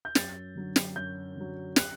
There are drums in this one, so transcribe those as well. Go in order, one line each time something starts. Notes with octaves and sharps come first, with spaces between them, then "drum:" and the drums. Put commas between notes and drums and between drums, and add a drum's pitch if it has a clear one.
G6
F#2 A6, drum: snare
D3 F#3
drum: snare
F#2 G6
D3 F#3
F#6, drum: snare